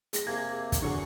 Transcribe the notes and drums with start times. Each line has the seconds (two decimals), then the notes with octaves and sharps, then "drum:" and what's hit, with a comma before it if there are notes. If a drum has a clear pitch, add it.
0.13 G#3 A#6, drum: hi-hat
0.27 C3 A#3 G#4 G#6
0.72 drum: kick, hi-hat
0.82 E2 D3 F#3 G#4 C#6